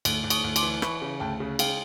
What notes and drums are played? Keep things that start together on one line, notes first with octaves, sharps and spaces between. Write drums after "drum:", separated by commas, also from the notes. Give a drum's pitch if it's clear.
D2, drum: cymbal
D2
C#6 D#6, drum: cymbal
D2
C6 D6, drum: cymbal
E3
E3 B5 C#6, drum: rim click
C#3
D2 G5 A5
C#3
G#3 F5 G5, drum: cymbal